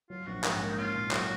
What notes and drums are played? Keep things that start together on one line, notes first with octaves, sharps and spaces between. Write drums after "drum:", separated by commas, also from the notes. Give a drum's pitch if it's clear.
F#3 F4
A#1 F#4
G#2, drum: clap
A#3
D#4
C#4 F4
A#2
F#3 F#4, drum: clap